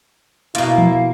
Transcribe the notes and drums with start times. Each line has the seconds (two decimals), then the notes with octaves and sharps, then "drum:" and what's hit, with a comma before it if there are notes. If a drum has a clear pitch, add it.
0.55 B2 A#3 E4 F4, drum: hi-hat
0.78 drum: tom E3